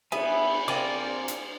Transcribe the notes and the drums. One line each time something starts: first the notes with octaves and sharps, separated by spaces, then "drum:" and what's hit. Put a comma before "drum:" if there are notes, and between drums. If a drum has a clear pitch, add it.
B3 E5 G#5, drum: cymbal
A#3 C4 F4 D5 G#5 D6
drum: hi-hat